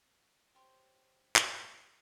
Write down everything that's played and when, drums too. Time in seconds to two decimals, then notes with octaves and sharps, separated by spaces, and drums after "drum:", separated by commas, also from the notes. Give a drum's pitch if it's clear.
0.55 G4 C5 C#5 C6
1.36 drum: clap